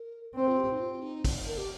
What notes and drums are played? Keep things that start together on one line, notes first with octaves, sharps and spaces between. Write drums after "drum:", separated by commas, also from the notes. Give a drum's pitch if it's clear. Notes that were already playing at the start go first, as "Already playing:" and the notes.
Already playing: A#4
C4 C5
F4
G4
D#4
F4
D#4
drum: kick, open hi-hat
A#4
G4